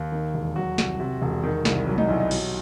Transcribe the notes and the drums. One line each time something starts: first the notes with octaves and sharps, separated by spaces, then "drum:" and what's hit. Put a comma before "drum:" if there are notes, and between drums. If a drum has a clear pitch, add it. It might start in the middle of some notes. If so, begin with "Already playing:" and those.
Already playing: D#2
D#3
E1
F#3 F#4
C2, drum: snare
C3
E1
D#3
C2, drum: snare
F#3
D#4, drum: tom G#3
B1 E4
D#5
F#3, drum: cymbal